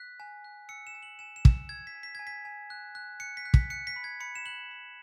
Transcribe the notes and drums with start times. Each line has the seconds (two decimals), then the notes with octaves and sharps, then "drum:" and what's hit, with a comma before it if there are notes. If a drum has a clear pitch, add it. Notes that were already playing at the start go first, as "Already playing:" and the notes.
Already playing: F#6 B6
0.20 G#5
0.44 F#6
0.69 E6 C#7
0.87 E7
0.95 G#5
1.03 F#7
1.19 G#5 E7
1.36 E7
1.45 E6, drum: kick
1.69 E6 G#6
1.87 B6
1.95 G#5
2.03 B6
2.15 G#5 G#6
2.27 B6
2.45 G#5
2.70 F#6
2.95 F#6
3.20 F#6 C#7
3.37 B6
3.45 F#6
3.54 B6, drum: kick
3.70 F#6 C#7
3.87 B6
3.96 B5
4.04 G#6
4.20 B5 C#7
4.35 E7
4.46 F#6 F#7
4.71 B5